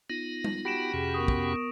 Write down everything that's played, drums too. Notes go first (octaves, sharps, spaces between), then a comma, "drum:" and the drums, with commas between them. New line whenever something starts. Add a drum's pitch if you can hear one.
B3 D#4 F4 A#6 D#7
drum: tom G3
F#4 G4 B5 A#6 D7 E7
F2 C3 C#4 G#4
B3 A#4 C#6 D#6
drum: kick